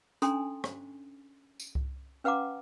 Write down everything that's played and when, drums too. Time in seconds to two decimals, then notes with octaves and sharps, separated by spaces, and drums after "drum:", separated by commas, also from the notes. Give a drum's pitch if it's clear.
0.22 C#4 D4 A4 G#5 A#5 C6, drum: hi-hat
0.64 drum: rim click
1.60 drum: tambourine
1.75 drum: kick C2
2.24 C#4 B4 F5 F#5 A#5 D6